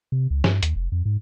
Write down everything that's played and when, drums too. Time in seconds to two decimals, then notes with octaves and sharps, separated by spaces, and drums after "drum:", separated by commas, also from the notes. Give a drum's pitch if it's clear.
0.12 C3
0.31 C#2
0.44 G2, drum: snare
0.63 D#2, drum: hi-hat
0.76 F1
0.92 F2
1.05 G#2